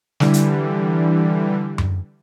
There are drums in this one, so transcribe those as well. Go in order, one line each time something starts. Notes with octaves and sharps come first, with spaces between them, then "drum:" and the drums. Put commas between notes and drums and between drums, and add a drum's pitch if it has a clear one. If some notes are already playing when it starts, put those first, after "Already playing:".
D3 E3 G3, drum: snare
drum: hi-hat
drum: tom F#2